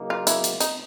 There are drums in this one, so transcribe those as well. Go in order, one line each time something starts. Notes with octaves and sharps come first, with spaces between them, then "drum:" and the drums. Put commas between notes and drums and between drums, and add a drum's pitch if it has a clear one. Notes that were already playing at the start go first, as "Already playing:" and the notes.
Already playing: C#3 F#3 A#3 D#4
F4
E4, drum: hi-hat
drum: hi-hat
D#4, drum: hi-hat